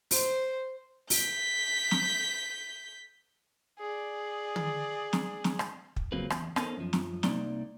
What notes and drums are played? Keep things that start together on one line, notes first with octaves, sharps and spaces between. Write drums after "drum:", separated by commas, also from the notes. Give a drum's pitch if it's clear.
C5, drum: open hi-hat
G6 B6, drum: open hi-hat
drum: snare
G#4 D5
drum: tom
drum: snare
drum: snare
drum: rim click
drum: kick
C#3 F3 F#3 A#3 C4 B4
E2, drum: rim click
B3 C#4 D#4 A4 A#4 C5, drum: rim click
F#2 F3
drum: snare
C2 A#3 D#4 D5 C6, drum: snare